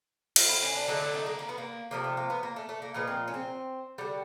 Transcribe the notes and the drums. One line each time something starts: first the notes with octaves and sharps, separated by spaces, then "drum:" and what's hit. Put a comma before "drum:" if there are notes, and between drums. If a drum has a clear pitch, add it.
F4, drum: cymbal
E4
C#4
D4
D3 F#3 A3 D#4
E4
D#4
A#3
A#3
B3
A#3
C3 F3 A3 A#3
A3
A#3
B3
A#3
A3
A3
A#3
A#2 F3 G#3 B3
C4
C#4
C4
D3 G3 F#4